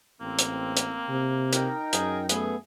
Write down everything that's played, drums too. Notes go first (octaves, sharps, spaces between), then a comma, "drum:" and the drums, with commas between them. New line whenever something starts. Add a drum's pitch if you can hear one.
A1 A#3 C4
drum: hi-hat
drum: hi-hat
C3
D#4 A#4 G5, drum: hi-hat
F#2 G#4, drum: hi-hat
A3 B3 G#4, drum: hi-hat